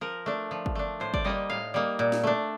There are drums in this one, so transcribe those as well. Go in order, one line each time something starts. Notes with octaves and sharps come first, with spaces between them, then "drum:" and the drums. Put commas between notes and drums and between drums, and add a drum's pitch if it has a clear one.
F3 A#4
A3 D4
F3
drum: kick
A3 D4
A2 C5
D5, drum: kick
G3 A#3 D#4 D#5
A2 F5
G3 A#3 D#4
A#2
drum: snare
A3 D4